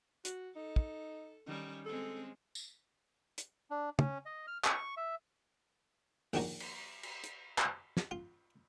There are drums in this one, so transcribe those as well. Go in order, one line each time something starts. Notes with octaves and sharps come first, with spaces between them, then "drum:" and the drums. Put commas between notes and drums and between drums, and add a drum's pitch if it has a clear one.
F#4, drum: hi-hat
D#4 A4
drum: kick
D#3 G3 C#4
G#3 C4 C#4 A4
drum: tambourine
drum: hi-hat
D4
C#4, drum: tom
D#5
F6
C#6, drum: clap
E5
A#1 D#3 D4 F#4 C#5 A#5, drum: open hi-hat
drum: cymbal
drum: cymbal
drum: hi-hat
drum: clap
drum: snare
F4